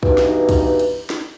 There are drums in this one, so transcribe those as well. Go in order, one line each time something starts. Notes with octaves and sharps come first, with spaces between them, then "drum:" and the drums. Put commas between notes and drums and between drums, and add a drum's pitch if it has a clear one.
G2 B2 E3 D#4, drum: kick
drum: snare
drum: kick, cymbal
drum: cymbal
drum: snare